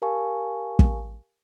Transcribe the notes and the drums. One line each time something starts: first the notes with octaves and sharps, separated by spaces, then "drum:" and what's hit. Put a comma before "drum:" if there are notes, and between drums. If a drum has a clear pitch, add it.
G4 A#4 F5 G#5 A5 C#6
drum: kick